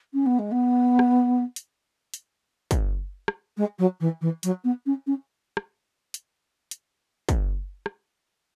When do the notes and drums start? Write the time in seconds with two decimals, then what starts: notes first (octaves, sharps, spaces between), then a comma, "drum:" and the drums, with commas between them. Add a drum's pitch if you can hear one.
0.13 C#4
0.26 B3
0.38 G#3
0.51 B3
0.99 drum: rim click
1.56 drum: hi-hat
2.14 drum: hi-hat
2.71 drum: kick, hi-hat
3.28 drum: rim click
3.57 G#3
3.78 F#3
4.00 E3
4.21 E3
4.43 F#3, drum: hi-hat
4.64 B3
4.86 C#4
5.06 C#4
5.57 drum: rim click
6.14 drum: hi-hat
6.71 drum: hi-hat
7.29 drum: kick, hi-hat
7.86 drum: rim click